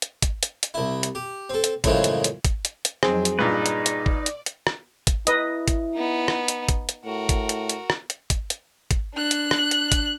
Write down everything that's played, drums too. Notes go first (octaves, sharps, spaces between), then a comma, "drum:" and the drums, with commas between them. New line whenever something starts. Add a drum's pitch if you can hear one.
drum: hi-hat
drum: kick, hi-hat
drum: hi-hat
drum: hi-hat
C2 E4
drum: hi-hat
G4
C4 A4
drum: hi-hat
F#2 A2 C#3 E3 F3 G#3, drum: kick, hi-hat
drum: hi-hat
drum: hi-hat
drum: kick, hi-hat
drum: hi-hat
drum: hi-hat
F2 F#3 C4 D#4 G#4, drum: rim click
drum: hi-hat
G2 A#2 D#4 B4 D5
drum: hi-hat
drum: hi-hat
drum: kick
drum: hi-hat
drum: hi-hat
drum: rim click
drum: kick, hi-hat
E4 B4 D#5, drum: hi-hat
drum: kick, hi-hat
B3 D#4
drum: rim click
drum: hi-hat
drum: kick, hi-hat
drum: hi-hat
A2 F#4 A#4
drum: kick, hi-hat
drum: hi-hat
drum: hi-hat
drum: rim click
drum: hi-hat
drum: kick, hi-hat
drum: hi-hat
drum: kick, hi-hat
D4 F#6
drum: hi-hat
drum: rim click
drum: hi-hat
drum: kick, hi-hat